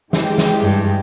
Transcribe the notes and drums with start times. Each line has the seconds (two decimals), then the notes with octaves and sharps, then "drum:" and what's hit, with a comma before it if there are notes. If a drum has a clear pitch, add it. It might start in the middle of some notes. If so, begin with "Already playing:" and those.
0.13 E3 G#3 G4, drum: snare
0.38 drum: snare
0.61 G2